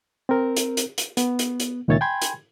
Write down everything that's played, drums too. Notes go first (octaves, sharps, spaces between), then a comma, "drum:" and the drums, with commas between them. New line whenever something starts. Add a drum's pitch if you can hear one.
C4 A#4
drum: hi-hat
drum: hi-hat
drum: hi-hat
B3, drum: hi-hat
drum: hi-hat
drum: hi-hat
C#2 A#2 D#3 C#5 E5 A6
G5 G#5 B5 C6 G#6
drum: hi-hat